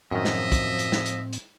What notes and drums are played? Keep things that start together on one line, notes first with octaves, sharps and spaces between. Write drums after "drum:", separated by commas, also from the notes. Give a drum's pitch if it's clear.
F#2 A2 D#3 F3 C4 D#5 E5
drum: snare
drum: kick, hi-hat
drum: hi-hat
drum: snare
drum: hi-hat
drum: hi-hat